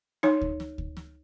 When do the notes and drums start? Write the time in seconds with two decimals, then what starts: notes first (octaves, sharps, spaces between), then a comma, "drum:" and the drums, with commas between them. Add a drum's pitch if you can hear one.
0.23 D#4 C#5, drum: snare
0.41 drum: kick D2
0.60 drum: snare
0.78 drum: kick D2
0.97 drum: snare